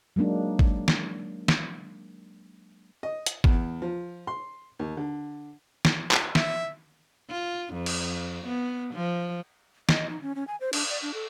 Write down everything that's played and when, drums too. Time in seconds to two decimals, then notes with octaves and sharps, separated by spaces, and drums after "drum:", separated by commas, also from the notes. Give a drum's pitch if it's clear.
0.16 F#3 G#3 A#3 D4 D#4
0.59 drum: kick G#1
0.88 drum: snare
1.48 drum: snare
3.03 D#5
3.26 drum: hi-hat
3.44 E2, drum: kick G#1
3.82 F3
4.27 C6
4.79 D#2
4.97 D3
5.85 drum: snare
6.11 drum: clap
6.35 E5, drum: snare
7.30 F4
7.74 F2
7.86 drum: cymbal
8.47 B3
8.95 F3
9.89 D#5, drum: snare
10.10 D#4
10.22 C#4
10.35 C#4
10.48 G#5
10.61 C5
10.73 D4, drum: cymbal
10.90 D5
11.02 D4
11.14 A4